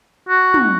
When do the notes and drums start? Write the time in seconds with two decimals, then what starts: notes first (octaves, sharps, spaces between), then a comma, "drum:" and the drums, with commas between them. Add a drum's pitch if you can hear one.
0.29 F#4
0.54 drum: tom